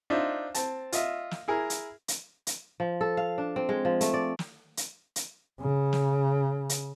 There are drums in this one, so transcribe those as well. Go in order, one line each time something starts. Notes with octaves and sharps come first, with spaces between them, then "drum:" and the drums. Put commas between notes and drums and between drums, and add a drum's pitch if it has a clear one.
D4 D#4 F4 C5 E5
C4 A5, drum: hi-hat
F4 D#5 E5, drum: hi-hat
drum: snare
E4 G#4 A#4
drum: hi-hat
drum: hi-hat
drum: hi-hat
F3
A4
F5
D4
C4
G#3
F3
A3, drum: hi-hat
D5
drum: snare
drum: hi-hat
drum: hi-hat
C#3
drum: snare
drum: hi-hat